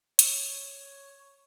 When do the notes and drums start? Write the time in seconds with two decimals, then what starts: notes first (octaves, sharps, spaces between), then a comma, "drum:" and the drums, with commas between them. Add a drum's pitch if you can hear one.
0.19 C#5, drum: hi-hat